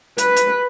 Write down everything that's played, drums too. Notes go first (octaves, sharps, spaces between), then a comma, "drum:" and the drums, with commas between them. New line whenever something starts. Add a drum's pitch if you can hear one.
B4, drum: hi-hat
drum: hi-hat